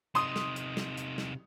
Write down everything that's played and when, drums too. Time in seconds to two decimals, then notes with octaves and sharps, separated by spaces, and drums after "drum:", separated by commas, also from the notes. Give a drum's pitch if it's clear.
0.15 C3 D#4 C6 D#6, drum: hi-hat
0.36 drum: snare
0.56 drum: hi-hat
0.77 drum: snare
0.97 drum: hi-hat
1.18 drum: snare